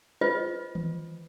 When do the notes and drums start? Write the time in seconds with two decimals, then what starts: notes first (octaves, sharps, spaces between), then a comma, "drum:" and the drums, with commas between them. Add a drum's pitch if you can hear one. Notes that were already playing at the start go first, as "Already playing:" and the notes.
0.21 F4 B4 C5 D#5
0.75 drum: tom D#3